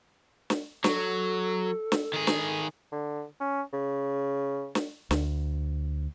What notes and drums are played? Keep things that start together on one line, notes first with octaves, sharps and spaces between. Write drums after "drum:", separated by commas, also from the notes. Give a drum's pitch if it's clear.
drum: snare
F#3 A4, drum: snare
drum: snare
D#3 G#4
drum: snare
D3
C#4
C#3
drum: snare
D2, drum: snare